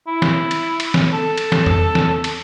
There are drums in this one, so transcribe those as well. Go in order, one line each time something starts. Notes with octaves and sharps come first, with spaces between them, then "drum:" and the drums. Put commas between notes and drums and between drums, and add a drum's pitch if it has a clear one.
E4
drum: snare
drum: cymbal
drum: cymbal
drum: snare
A4
drum: cymbal
drum: snare
drum: tom E2
drum: snare
drum: cymbal